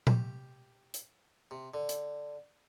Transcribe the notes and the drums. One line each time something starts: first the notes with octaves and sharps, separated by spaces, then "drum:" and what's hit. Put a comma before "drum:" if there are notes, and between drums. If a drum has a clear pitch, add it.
G4, drum: tom A#2
drum: hi-hat
C3
D3
drum: hi-hat